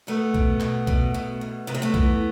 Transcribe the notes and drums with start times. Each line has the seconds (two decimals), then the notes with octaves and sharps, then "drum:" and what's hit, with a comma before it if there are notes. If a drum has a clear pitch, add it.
0.07 B2 A3 B3
0.34 B2, drum: kick B1
0.60 B2, drum: clap
0.87 B2, drum: kick B1
1.14 B2
1.41 B2
1.67 C3 B3
1.74 C4
1.82 A3 B3
1.94 E3, drum: kick B1